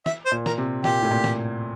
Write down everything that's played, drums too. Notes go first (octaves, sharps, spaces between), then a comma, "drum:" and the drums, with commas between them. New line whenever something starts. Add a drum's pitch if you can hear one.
E5, drum: snare
C5
A#2
A#4, drum: snare
C3
A#2 G4, drum: snare
A2
A#2
drum: snare